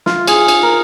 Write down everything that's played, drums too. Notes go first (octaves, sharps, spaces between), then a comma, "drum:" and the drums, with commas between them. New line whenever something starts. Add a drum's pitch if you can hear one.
F4, drum: snare
G#4, drum: cymbal
drum: cymbal
A#4